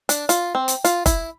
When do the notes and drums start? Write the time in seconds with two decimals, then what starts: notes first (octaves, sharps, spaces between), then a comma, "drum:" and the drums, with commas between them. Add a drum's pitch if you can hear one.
0.09 D4, drum: hi-hat
0.29 F4, drum: hi-hat
0.55 C4
0.68 drum: hi-hat
0.84 F4, drum: hi-hat
1.06 E4, drum: kick, hi-hat